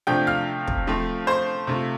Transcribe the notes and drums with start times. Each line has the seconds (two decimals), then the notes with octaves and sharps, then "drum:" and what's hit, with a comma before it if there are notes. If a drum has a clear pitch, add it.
0.07 C3 F3 A3 D4 F4 G5 G6
0.27 F5 F6
0.68 drum: kick
0.87 F3 A3 C4 F4
1.27 C5 C6
1.67 C3 A3 F4